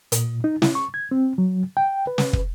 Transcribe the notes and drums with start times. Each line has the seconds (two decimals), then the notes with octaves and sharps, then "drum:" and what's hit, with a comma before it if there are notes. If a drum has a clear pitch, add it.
0.12 A#2, drum: hi-hat
0.44 D#4
0.62 E4, drum: snare
0.75 C#6
0.94 G#6
1.11 C4
1.38 F#3
1.77 G5
2.07 B4
2.18 drum: snare
2.33 drum: kick